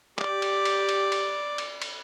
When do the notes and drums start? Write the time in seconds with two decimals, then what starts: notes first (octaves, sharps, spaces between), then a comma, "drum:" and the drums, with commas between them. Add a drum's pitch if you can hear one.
0.19 G4 D5, drum: clap
0.42 drum: cymbal
0.65 drum: cymbal
0.89 drum: cymbal
1.12 drum: cymbal
1.58 drum: cymbal
1.82 drum: cymbal